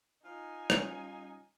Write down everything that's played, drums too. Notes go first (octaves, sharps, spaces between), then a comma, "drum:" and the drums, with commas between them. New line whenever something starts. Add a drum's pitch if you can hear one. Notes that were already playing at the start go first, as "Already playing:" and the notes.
D#4 F4 G#5
G3 C#4, drum: rim click